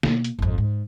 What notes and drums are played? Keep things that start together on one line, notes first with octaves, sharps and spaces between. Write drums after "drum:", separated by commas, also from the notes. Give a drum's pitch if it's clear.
B2 A#3, drum: snare
drum: hi-hat
G#1 F2
G#2